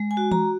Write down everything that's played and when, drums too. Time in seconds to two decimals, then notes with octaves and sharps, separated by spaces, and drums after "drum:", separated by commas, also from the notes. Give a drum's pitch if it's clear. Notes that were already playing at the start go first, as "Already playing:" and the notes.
Already playing: G#3
0.11 G#5
0.17 F#4
0.31 A#5, drum: tom E3